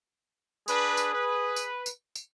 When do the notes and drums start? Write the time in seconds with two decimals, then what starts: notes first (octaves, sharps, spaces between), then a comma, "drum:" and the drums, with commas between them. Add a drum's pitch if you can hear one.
0.68 D4 G#4 B4, drum: tambourine
0.97 drum: tambourine
1.14 B4
1.56 drum: tambourine
1.86 drum: tambourine
2.15 drum: tambourine